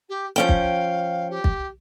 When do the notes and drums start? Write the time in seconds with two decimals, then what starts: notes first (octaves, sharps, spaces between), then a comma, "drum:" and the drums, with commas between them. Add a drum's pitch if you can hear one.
0.09 G4
0.36 F3 C#4 F5 G5
0.49 drum: kick
1.30 G4
1.44 drum: kick